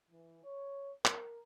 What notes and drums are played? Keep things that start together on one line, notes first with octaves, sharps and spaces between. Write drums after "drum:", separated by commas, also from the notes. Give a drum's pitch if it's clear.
E3
C#5
A#4, drum: clap